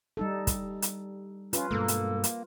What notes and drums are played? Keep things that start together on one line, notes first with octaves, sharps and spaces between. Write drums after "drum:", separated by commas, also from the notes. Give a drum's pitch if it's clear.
G3 D#4 A4
drum: kick, hi-hat
drum: hi-hat
C#4 F4 B4, drum: hi-hat
G2 B2 G#3 A#3 A4
drum: hi-hat
drum: hi-hat